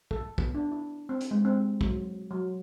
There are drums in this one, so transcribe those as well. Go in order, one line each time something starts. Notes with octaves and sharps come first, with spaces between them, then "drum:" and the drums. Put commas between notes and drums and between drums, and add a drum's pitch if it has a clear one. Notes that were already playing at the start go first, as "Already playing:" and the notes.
A4, drum: kick
B3, drum: kick
D4
E4
C4
drum: hi-hat
G#3
C4
F#3, drum: kick
F#3